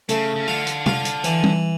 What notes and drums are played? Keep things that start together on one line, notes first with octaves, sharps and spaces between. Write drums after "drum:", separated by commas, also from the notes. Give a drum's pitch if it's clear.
C#3 A3, drum: hi-hat
C#3
D3 F4
drum: hi-hat
F4, drum: tom
drum: hi-hat
E3, drum: hi-hat
drum: tom G3